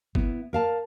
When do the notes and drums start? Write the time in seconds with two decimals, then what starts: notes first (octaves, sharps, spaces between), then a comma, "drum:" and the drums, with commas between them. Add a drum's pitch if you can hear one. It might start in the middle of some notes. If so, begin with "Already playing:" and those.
0.15 B3 E4, drum: kick
0.53 A#4 F5 A5